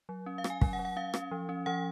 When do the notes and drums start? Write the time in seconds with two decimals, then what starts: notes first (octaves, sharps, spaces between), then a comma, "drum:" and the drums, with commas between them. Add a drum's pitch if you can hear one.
0.09 F#3
0.26 C#4
0.38 F5
0.44 C#4, drum: rim click
0.50 G#5
0.61 F#3 G#5, drum: kick
0.73 F#5
0.79 F#3
0.85 F#5
0.96 C#4 F5
1.14 C#4, drum: rim click
1.31 F3
1.49 C#4
1.66 F3 F#5